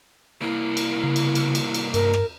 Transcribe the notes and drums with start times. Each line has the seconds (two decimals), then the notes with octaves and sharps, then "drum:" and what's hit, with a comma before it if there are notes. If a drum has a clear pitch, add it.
0.41 C2 A#3 E4
0.77 drum: cymbal
1.04 C#3
1.16 drum: cymbal
1.35 drum: cymbal
1.55 drum: cymbal
1.74 drum: cymbal
1.94 G2 A#4, drum: cymbal
2.13 drum: rim click